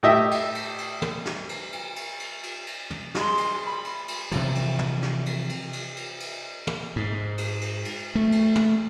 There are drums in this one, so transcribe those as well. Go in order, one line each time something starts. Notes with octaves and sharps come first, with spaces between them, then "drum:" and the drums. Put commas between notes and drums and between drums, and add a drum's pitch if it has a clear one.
A2 G4 D#5 E5
drum: cymbal
drum: cymbal
drum: cymbal
drum: tom
drum: snare
drum: cymbal
drum: cymbal
drum: cymbal
drum: cymbal
drum: cymbal
drum: cymbal
drum: tom
G#3 C6, drum: snare
drum: cymbal
B5
drum: cymbal
drum: cymbal
C3 E3 F3, drum: cymbal
drum: cymbal
drum: tom
drum: snare
drum: cymbal
drum: cymbal
drum: cymbal
drum: cymbal
drum: cymbal
drum: tom
G#2
drum: cymbal
drum: cymbal
drum: cymbal
A3
drum: cymbal
drum: tom